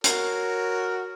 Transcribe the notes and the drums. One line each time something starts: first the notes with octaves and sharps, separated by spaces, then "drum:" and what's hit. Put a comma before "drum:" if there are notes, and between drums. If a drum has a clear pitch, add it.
F#4 A#4 C#5, drum: hi-hat